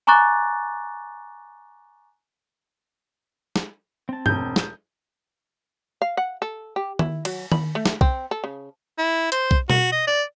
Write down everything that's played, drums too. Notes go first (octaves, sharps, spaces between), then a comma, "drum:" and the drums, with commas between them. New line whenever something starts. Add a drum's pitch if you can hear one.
G#5 A#5 C#6 D6 F#6 A6
drum: snare
C4 A5
E1 G6, drum: tom G2
drum: snare
F5
F#5
A4
G4
E4, drum: tom D#3
F#3, drum: cymbal
B5, drum: tom D#3
A3
drum: snare
C4, drum: kick B1
A4
C#3
E4
C5, drum: hi-hat
drum: kick B1
F#4, drum: tom B2
D#5
D5